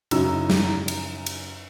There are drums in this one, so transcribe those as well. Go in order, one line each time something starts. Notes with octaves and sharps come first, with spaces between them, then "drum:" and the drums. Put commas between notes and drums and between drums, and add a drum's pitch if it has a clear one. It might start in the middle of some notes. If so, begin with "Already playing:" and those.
F#2 C#3 F#3 D#4 E4 E6, drum: cymbal
drum: snare
drum: cymbal
drum: cymbal